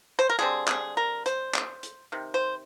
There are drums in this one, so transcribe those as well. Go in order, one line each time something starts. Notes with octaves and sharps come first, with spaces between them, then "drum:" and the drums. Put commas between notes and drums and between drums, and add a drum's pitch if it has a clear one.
C5
A#4
D3 G3 C4 G#4
G#4, drum: clap
A#4
C5, drum: hi-hat
drum: clap
drum: hi-hat
C3 D#3
C5